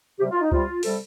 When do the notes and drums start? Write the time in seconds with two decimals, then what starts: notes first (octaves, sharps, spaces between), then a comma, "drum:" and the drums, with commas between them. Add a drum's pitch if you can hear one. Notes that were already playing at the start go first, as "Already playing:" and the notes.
0.19 C3 G3 G4
0.30 F4
0.41 D#4
0.52 C3 G3 F4, drum: kick C#2
0.83 C3 G3 A4, drum: open hi-hat